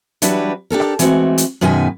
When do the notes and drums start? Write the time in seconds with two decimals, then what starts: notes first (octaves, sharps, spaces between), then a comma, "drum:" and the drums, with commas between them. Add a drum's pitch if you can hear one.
0.22 E3 F#3 G3 D4 F#4 B4, drum: hi-hat
0.70 D4 G4 A4 A#4
0.80 drum: rim click
0.99 E3 G#3 A3 C4 F#4, drum: hi-hat
1.38 drum: hi-hat
1.61 F#2 B2 D#3 G#3 B4 G#5